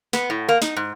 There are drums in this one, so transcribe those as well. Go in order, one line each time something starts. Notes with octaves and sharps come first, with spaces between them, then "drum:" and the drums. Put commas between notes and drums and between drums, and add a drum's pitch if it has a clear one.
B3, drum: snare
A2
A#3
D#4, drum: snare
G#2